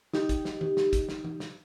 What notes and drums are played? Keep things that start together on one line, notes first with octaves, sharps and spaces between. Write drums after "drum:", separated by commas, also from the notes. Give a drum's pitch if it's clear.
D#4 G4, drum: snare
drum: kick, hi-hat
drum: snare
drum: tom
drum: snare
drum: kick, hi-hat
drum: snare
drum: tom E3
drum: snare